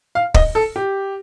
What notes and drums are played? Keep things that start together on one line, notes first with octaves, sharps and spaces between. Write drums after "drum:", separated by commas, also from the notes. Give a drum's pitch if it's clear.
F5
D#5, drum: kick
A4
G4